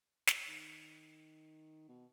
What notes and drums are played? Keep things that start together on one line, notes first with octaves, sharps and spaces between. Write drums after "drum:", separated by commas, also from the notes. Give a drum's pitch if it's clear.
drum: snare
D#3
B2